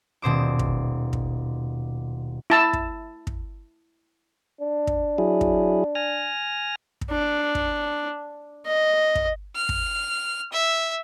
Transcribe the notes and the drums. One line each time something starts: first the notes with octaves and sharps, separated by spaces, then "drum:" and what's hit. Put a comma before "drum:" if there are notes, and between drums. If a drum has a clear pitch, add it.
D#1 B2 C5 D6
drum: kick
drum: kick
E4 A5 E6
drum: kick
drum: kick
D4
drum: kick
F#3 E4 G#4
drum: kick
G#5 F6 A#6
drum: kick
D4
drum: kick
D#5
drum: kick
F6
drum: kick
E5